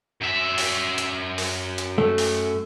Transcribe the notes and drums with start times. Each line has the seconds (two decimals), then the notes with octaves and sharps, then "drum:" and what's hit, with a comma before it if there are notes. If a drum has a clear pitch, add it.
0.21 F#2 E5
0.58 drum: open hi-hat
0.98 drum: hi-hat
1.38 drum: open hi-hat
1.78 drum: hi-hat
1.98 A3
2.18 drum: open hi-hat